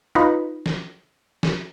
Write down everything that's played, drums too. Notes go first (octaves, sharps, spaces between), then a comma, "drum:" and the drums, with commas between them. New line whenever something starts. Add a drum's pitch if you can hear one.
D#4 F4 B4
drum: snare
drum: snare